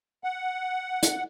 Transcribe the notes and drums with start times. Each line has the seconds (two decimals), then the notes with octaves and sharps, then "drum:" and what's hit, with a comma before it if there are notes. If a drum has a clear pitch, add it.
0.24 F#5
1.03 drum: hi-hat